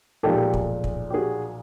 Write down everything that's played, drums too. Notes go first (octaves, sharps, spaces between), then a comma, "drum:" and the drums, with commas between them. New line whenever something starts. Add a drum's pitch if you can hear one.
B1 A#2 F3 G#3 G4 A4
drum: kick
drum: kick
G4
F#4 G#4